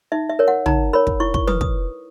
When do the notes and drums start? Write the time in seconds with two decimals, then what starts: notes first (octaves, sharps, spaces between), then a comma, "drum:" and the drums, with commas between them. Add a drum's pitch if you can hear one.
0.12 D#4 E5
0.30 E5
0.39 A#4 C#5
0.48 F#5
0.66 D#4 A#5, drum: tom
0.93 A#4 C#5 B5
1.07 drum: kick
1.20 E4 C#6
1.34 C#6, drum: kick
1.47 B4 D#6, drum: tom F3
1.61 D#6, drum: kick